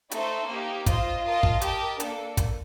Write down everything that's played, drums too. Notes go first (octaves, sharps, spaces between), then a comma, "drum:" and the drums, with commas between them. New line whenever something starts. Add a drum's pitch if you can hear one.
A3 D#4 A4 C5, drum: hi-hat
A#3 D#4 G4
F4 C5 D#5, drum: kick, hi-hat
F4 A#4 D#5 A5
drum: kick
G4 A#4 D#5 A5, drum: hi-hat
A#3 D4 A4, drum: hi-hat
drum: kick, hi-hat